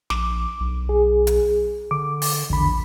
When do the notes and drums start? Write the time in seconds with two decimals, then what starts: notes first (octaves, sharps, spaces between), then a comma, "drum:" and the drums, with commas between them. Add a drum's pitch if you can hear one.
0.10 A#1 D6, drum: snare
0.60 B1
0.89 G#4
1.27 drum: hi-hat
1.91 D3 D6
2.22 drum: open hi-hat
2.50 A#1 E2 D3 B5